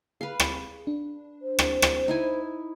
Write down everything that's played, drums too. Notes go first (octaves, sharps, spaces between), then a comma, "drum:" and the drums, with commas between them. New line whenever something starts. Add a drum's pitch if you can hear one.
G#4 B4 F5
drum: rim click
D4
C5
drum: rim click
drum: rim click
D#4 E4 G#5